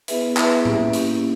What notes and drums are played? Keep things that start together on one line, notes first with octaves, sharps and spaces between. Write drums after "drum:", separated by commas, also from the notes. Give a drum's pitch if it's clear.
B3 E4 G#4 B4 E5, drum: hi-hat
B3 E4 G#4 B4 E5, drum: clap
A#3 C#4 E4 G4, drum: tom A2
A#3 C#4 E4 G4, drum: hi-hat